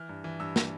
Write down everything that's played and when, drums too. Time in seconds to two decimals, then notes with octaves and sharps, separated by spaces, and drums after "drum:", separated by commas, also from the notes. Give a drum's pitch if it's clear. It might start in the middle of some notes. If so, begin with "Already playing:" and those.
Already playing: E3 F6
0.09 G2
0.24 E3
0.40 G2 E6
0.56 drum: snare